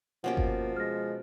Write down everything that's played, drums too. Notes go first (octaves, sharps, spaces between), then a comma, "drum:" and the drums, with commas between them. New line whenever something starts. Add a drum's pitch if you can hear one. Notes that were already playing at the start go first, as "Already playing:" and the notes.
B2 F3 A#3 C#4 G4 F#5
drum: kick G1
G#3 F6 A#6